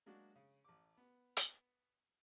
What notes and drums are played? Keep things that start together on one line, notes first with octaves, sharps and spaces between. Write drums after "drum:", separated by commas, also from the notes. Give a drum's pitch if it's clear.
F#3 G#3 A#3 D4 F#4
C#3
A1 D6
B3
drum: hi-hat